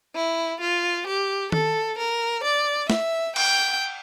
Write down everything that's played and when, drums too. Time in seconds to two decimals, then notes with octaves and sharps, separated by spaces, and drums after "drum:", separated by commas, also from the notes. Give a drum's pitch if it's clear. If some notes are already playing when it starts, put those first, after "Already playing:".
0.15 E4
0.61 F4
1.07 G4
1.52 A4, drum: tom D#3
1.98 A#4
2.44 D5
2.90 E5, drum: snare
3.36 G5, drum: cymbal